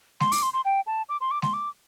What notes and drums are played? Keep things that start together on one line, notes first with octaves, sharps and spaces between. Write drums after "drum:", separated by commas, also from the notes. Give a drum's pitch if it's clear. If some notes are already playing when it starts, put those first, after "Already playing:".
C6, drum: snare G#3
D6, drum: open hi-hat
C6
C6
G5
A5
D6
C6
D6
C6, drum: snare G#3
D6